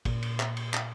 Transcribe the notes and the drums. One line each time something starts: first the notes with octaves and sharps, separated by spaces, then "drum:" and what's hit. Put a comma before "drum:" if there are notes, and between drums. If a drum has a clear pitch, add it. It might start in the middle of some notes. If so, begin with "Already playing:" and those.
A#2, drum: kick, cymbal
drum: cymbal
drum: clap
drum: cymbal
drum: clap